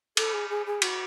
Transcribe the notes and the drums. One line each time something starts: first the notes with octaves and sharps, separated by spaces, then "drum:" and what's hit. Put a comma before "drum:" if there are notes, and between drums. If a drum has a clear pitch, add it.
A4, drum: cymbal
G#4
G#4
G#4
F#4, drum: cymbal